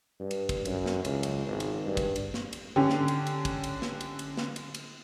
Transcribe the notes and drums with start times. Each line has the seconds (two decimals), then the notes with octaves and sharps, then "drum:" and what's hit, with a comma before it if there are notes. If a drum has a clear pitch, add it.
0.20 G2
0.31 drum: cymbal
0.49 drum: kick, cymbal
0.65 F#2, drum: cymbal
0.86 drum: snare
1.05 C#2, drum: cymbal
1.23 drum: cymbal
1.47 G#1
1.60 drum: cymbal
1.86 G2
1.97 drum: kick, cymbal
2.16 drum: cymbal
2.34 drum: snare
2.53 drum: cymbal
2.76 D3 C#4 G4
2.90 drum: snare
3.08 drum: cymbal
3.27 drum: cymbal
3.45 drum: kick, cymbal
3.64 drum: cymbal
3.82 drum: snare
4.00 drum: cymbal
4.19 drum: cymbal
4.37 drum: snare
4.56 drum: cymbal
4.74 drum: cymbal